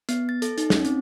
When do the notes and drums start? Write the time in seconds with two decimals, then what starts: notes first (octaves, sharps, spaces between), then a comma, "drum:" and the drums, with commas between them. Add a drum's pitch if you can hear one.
0.09 B3, drum: hi-hat
0.29 A6
0.42 A4, drum: hi-hat
0.58 D#4, drum: hi-hat
0.70 C#4, drum: snare
0.85 C4, drum: hi-hat